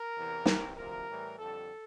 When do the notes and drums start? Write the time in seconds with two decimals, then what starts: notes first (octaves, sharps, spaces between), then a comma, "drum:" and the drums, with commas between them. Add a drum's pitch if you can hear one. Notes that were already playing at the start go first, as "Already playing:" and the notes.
Already playing: A#4
0.15 E2 C3 E3
0.46 C2 C3 E3 G3, drum: snare
0.76 D2 C3 F3 A#4
1.09 A2 E3 G3
1.39 F2 D3 G3 A4